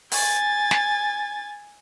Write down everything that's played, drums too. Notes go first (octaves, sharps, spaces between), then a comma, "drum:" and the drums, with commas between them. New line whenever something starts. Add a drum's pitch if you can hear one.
G#5 A6, drum: open hi-hat
drum: snare